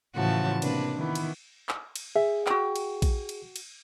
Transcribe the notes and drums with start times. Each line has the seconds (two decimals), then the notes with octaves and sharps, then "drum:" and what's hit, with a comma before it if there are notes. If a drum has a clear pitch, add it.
0.15 A2 C#3 E3 F3 F#4 A5
0.62 C3 A#3 D4 B4, drum: cymbal
0.96 D#3 E3 B3
1.15 drum: cymbal
1.69 drum: clap
1.96 drum: cymbal
2.16 G#4 E5
2.47 F#4 G5, drum: clap
2.76 drum: cymbal
3.02 drum: kick A#1, cymbal
3.29 drum: cymbal
3.56 drum: cymbal